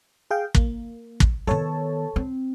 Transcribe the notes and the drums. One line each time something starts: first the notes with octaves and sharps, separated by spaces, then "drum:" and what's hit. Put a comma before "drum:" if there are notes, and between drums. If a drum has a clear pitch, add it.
G#4 F5 G5
A#3, drum: kick
drum: kick
D#3 B3 A4 C#5 A5
C4